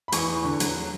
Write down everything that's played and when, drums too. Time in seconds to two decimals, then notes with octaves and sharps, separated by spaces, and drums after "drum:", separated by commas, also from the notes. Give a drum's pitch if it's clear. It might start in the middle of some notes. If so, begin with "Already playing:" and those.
0.08 B5
0.12 E2 C#6, drum: hi-hat
0.28 E2
0.44 D3
0.60 F#3, drum: hi-hat
0.75 F#3